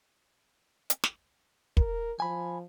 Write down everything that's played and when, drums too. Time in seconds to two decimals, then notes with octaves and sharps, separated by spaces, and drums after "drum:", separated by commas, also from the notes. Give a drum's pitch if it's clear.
0.90 drum: hi-hat
1.04 drum: snare
1.77 A#4, drum: kick
2.20 F3 G#5 B5